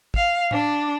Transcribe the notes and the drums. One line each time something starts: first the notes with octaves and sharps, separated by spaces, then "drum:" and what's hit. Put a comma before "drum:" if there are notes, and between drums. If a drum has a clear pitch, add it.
F5, drum: kick
D4, drum: tom A2